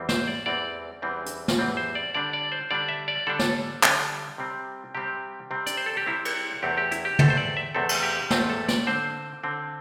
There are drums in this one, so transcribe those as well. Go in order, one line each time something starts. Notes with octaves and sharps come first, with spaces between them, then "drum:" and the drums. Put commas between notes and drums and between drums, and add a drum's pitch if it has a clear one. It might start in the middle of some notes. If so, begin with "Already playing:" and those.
Already playing: E2 E3 G3 C4
C5, drum: snare
D5
E2 E3 G3 C4 D5
E2 E3 G3 C4
drum: hi-hat
drum: snare
E2 E3 G3 C4
C5
D5
D3 G3 D4 D5
D5
C5
D3 G3 D4 D5
E5
D5
D3 G3 D4 A4
drum: snare
D3 G3 D4, drum: clap
C3 G3 C4
C3 G3 C4 G4
C3 G3 C4
D5, drum: hi-hat
C5
A4
G4
C3 G3 C4 E4
drum: cymbal
E2 C3 A3 C4 G4
G4
E4, drum: hi-hat
G4
E2 C3 A3 C4 A4, drum: tom
C5
D5
E5
E2 C3 A3 C4 A4
drum: cymbal
G4
E2 C3 A3 C4, drum: snare
A4
D5, drum: snare
D3 C4 C5
D3 C4